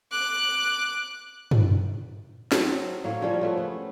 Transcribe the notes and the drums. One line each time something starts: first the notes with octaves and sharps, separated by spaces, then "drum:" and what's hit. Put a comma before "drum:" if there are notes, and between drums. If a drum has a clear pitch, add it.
D6 F#6
drum: tom
F#3 C4 A4, drum: snare
A2 A#3 C#5 F5
C#3 F3 G3 C#4
F3 A3 B3
B3